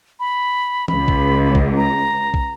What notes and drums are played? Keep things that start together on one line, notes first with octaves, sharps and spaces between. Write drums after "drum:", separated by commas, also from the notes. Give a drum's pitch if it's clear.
B5
C#2 B5, drum: tom
drum: kick
drum: kick
A#5
drum: kick